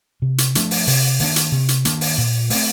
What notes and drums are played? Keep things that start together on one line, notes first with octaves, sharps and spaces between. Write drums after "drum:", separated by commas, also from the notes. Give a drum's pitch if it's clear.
C3
drum: hi-hat
F3 A3 D4, drum: hi-hat
drum: open hi-hat
C3, drum: open hi-hat
D#3 A#3 D4, drum: open hi-hat
drum: hi-hat
C3
drum: hi-hat
D#3 A#3 D4, drum: hi-hat
drum: open hi-hat
A#2
A3 C4, drum: open hi-hat